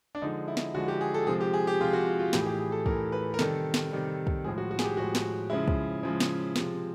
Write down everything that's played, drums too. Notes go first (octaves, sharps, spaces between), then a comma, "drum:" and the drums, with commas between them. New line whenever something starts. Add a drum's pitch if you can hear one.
D4
D3 F3 G#3 D#4
E4
drum: snare
D3 F3 G#3 F#4
G4
G#4
A4
C3 F3 G#3 G#4
G4
G#4
G4
C3 F3 G#3 F4
F#4
F4
F4
A2 E3 A3 G4, drum: snare
G#4
G4
G#4
A4
A2 E3 A3 A#4, drum: kick
B4
A#4
C3 D#3 G3 A4, drum: snare
drum: snare
C3 D#3 G3
drum: kick
A2 F3 G#3 G#4
F#4
F#4
G#4, drum: snare
G4
A2 F3 G#3 F#4
drum: snare
C#3 F3 G#3 E4
drum: kick
C#3 F3 G#3
drum: snare
C3 F3 G#3, drum: snare